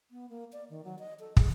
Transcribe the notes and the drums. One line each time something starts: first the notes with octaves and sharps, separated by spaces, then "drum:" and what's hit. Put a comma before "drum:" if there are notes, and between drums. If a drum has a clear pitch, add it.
B3
A#3
D5
D#3
F#3
D#5
A4
G#4, drum: kick